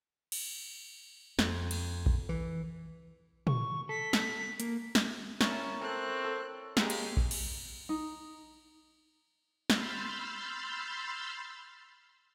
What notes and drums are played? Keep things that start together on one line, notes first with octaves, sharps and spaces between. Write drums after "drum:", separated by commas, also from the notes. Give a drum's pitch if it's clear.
drum: cymbal
F2, drum: snare
drum: cymbal
drum: kick A#1
E3
C#6, drum: tom
A4 B6
drum: snare
A#3, drum: hi-hat
drum: snare
C#4 E4 A#4 C#5 A5, drum: snare
C4 A4 F#6
A4
G#3 A#3 G4 G#4, drum: snare
drum: cymbal
drum: kick A#1
drum: cymbal
D#4
B5 C6 E6 F6 G6 A6, drum: snare